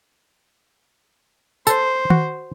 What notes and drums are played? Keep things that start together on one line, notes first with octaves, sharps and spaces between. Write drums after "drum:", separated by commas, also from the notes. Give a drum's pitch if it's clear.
A4 C5, drum: tambourine
F#4, drum: tom D#3